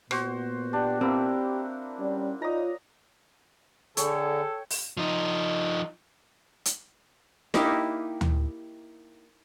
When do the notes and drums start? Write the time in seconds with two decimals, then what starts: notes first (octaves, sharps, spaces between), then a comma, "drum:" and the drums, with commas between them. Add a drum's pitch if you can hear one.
0.11 A#2 B3 F#4 C5, drum: rim click
0.73 D4 G4
1.01 A#3 C4 E4 G4
2.00 G3 C#4 D5
2.42 D#4 F4 C#5 D5 A#5 D#6
3.97 D3 G#4 A4 C#5 G5, drum: hi-hat
4.70 drum: open hi-hat
4.97 F3 D#4
6.65 drum: hi-hat
7.54 A#3 D#4 E4 G4, drum: snare D4
8.21 drum: tom D2